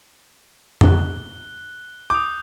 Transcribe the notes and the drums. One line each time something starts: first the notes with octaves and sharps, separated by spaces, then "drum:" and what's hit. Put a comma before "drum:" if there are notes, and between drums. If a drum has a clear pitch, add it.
F#6 G7, drum: tom F2
D6 D#6 G6